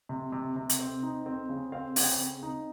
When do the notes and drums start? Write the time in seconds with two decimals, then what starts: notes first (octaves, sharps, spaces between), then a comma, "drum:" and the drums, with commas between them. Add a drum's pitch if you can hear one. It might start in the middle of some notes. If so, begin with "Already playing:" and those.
0.09 C3
0.32 C3
0.56 C3
0.69 drum: hi-hat
0.79 C4
1.03 D#4
1.26 C4
1.49 C#3
1.72 C4 F5
1.96 C#3, drum: open hi-hat
2.04 G5
2.19 C4
2.43 D#4